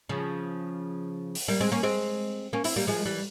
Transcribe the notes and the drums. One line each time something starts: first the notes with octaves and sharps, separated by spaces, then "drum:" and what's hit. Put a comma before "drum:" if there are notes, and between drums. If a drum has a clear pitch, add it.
C#3 F3
drum: open hi-hat
G3 A#3
G#3 C4
A#3 C#4
G#3 C4
A#3 C#4
C4 E4, drum: open hi-hat
G3 A#3
F3 G#3
E3 G3